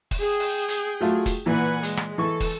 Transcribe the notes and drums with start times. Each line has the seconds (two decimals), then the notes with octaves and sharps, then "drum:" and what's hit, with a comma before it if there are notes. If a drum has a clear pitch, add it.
0.11 drum: kick, open hi-hat
0.20 G#4 G5
0.40 drum: open hi-hat
0.68 drum: hi-hat
1.01 F#3 A3 F4
1.26 drum: kick, hi-hat
1.46 A#2 E3 B4 F#5 G#5
1.83 G#3, drum: hi-hat
1.97 drum: rim click
2.18 E3 A4 C#6
2.40 drum: kick, open hi-hat